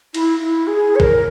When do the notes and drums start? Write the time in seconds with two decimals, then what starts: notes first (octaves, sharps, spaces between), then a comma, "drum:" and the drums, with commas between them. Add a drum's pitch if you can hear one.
0.14 E4, drum: cymbal
0.40 E4
0.67 G#4
0.95 C#5
1.00 A#4, drum: kick B1